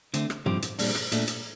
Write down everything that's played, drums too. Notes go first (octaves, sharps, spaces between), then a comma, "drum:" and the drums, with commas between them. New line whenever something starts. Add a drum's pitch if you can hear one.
D3 A3 C4, drum: hi-hat
drum: rim click
G2 F3 C4 G4, drum: tom
drum: hi-hat
A#2 G3 D4, drum: open hi-hat
drum: rim click
A#2 A3 D4, drum: hi-hat
drum: hi-hat